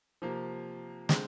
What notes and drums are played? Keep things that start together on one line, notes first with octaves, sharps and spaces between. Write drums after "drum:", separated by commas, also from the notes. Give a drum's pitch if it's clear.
C3 F3 A#3
D3 G#3 C4, drum: snare